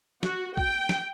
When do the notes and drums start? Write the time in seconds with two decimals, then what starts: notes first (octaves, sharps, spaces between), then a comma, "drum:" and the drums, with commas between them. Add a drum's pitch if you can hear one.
0.23 F#4, drum: snare
0.57 G5, drum: kick
0.89 drum: snare